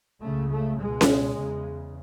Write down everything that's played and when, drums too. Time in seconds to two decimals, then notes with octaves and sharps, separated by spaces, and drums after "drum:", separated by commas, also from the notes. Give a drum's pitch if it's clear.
0.21 C#2 C#3 A3
0.50 A3
0.78 C#2 B2 G#3
1.01 drum: snare C#4
1.36 E2 C#3